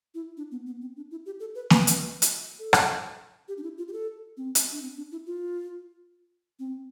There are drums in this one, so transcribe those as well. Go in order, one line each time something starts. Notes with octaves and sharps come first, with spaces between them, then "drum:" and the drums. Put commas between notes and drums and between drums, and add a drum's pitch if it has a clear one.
E4
D4
B3
B3
C4
D4
E4
G4
A4
B4
B4, drum: snare A#3
drum: hi-hat
drum: hi-hat
A4
drum: rim click
G4
D4
E4
F4
G4
A4
C4
drum: hi-hat
D4
C4
D4
E4
F4
C4